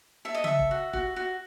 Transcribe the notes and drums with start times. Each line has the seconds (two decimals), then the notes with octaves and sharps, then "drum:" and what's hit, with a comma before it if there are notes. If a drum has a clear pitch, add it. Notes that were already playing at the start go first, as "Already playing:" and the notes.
0.25 A4 E5
0.34 D#5
0.44 A4 E5, drum: tom C#3
0.59 drum: kick E1
0.71 F#4
0.93 F#4, drum: kick E1
1.16 F#4